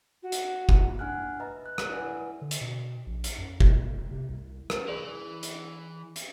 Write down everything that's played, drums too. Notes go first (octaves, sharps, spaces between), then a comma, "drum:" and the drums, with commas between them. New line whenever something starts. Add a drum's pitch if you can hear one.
F#4
drum: hi-hat
drum: kick
D4 F#5 G#5 F6 F#6
B4 D#5 E5 A#5
F#6
drum: rim click
E4 B4 D5 E5 F#5 G#5
D3
drum: hi-hat
B2
A#1
drum: hi-hat
F#2
B2, drum: kick
E1
C3
C2
drum: rim click
E3 G#4 D5
drum: hi-hat
drum: hi-hat